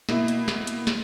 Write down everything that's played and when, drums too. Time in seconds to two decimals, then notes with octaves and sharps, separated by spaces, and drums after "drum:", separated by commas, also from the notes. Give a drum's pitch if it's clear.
0.09 B2 A#3 E4, drum: snare
0.28 drum: hi-hat
0.48 drum: snare
0.67 drum: hi-hat
0.87 drum: snare